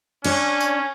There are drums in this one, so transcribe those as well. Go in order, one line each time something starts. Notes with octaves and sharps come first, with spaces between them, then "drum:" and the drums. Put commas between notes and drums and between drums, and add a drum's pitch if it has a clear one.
C#4 D4 C#5, drum: cymbal
drum: tambourine